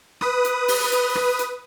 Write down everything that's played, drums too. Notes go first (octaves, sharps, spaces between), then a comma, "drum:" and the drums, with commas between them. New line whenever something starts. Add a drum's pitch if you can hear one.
B4 D#6, drum: rim click
drum: hi-hat
drum: open hi-hat
drum: hi-hat
drum: rim click
drum: hi-hat